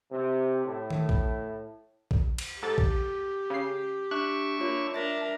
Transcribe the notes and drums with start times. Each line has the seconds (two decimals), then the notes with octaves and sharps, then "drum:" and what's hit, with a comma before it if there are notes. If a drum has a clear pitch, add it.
0.12 C3
0.65 A2
0.91 drum: tom D#3
1.09 drum: kick A#1
2.11 drum: kick A#1
2.38 drum: cymbal
2.62 G#2 G4 A4 A6
2.78 drum: kick A#1
3.50 C#3 C7
4.11 D4 E5 C#6 F#6
4.60 A#3 F4 C#5
4.94 D4 A#4 E5 A5 A#6 B6